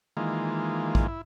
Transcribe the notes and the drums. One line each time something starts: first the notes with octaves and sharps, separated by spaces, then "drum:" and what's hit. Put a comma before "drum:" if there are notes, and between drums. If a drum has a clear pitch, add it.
D#3 E3 G#3 A#3 F4
drum: kick
E4